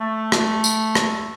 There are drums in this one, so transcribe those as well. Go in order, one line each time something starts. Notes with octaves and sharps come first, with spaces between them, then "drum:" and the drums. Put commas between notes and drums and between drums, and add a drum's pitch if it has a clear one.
A3
drum: rim click
drum: tambourine
drum: rim click